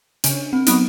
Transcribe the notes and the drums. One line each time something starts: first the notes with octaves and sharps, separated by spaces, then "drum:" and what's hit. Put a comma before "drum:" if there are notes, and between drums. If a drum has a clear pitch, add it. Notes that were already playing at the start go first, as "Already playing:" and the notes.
C#3 D4, drum: hi-hat
C4
F#3 B3 D#4, drum: hi-hat